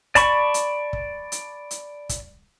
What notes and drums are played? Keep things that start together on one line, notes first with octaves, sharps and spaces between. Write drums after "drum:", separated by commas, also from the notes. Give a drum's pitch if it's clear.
D5 A5 B5 C#6, drum: kick, hi-hat
drum: hi-hat
drum: kick
drum: hi-hat
drum: hi-hat
drum: kick, hi-hat